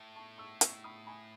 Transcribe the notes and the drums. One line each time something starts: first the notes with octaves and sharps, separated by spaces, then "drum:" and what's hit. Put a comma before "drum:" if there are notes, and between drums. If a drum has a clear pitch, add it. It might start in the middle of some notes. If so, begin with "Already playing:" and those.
Already playing: A2
A5 C#6
C#6 E6
C#6 E6, drum: hi-hat
B5 D#6
G#5 B5